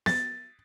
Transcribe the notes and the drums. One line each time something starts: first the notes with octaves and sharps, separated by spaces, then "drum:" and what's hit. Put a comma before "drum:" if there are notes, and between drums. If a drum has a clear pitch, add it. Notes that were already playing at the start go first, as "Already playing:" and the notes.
A6, drum: snare B3